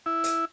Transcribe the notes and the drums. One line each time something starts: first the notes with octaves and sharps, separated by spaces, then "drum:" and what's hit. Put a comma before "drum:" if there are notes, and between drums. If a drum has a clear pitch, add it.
E4
drum: hi-hat